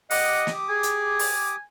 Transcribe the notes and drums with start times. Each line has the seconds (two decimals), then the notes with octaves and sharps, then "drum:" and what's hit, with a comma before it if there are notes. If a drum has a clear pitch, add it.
0.11 G4 D#5 F#5 D6 D#6, drum: open hi-hat
0.47 drum: snare
0.70 G#4 G#5
0.83 drum: hi-hat
1.19 drum: open hi-hat